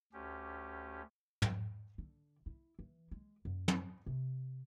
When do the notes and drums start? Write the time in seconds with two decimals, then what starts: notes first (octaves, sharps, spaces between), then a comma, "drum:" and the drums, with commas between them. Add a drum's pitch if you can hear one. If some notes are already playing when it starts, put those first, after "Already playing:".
0.13 D2 C#4 G4
1.42 drum: tom
1.98 D3
2.46 E4
2.79 E3
3.11 G#3
3.45 F#2
3.68 drum: tom
4.06 C3